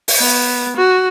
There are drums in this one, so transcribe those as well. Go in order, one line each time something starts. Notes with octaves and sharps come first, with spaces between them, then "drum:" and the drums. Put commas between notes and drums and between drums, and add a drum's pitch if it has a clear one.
drum: open hi-hat
B3
F#4